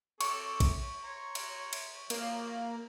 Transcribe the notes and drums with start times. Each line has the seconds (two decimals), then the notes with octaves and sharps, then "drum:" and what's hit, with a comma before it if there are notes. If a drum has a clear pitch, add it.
0.21 C4 A4 C#6 D6, drum: cymbal
0.60 drum: kick A#1, cymbal
1.04 C#5 A#5 C6
1.35 drum: cymbal
1.73 drum: cymbal
2.10 F3 A#3, drum: cymbal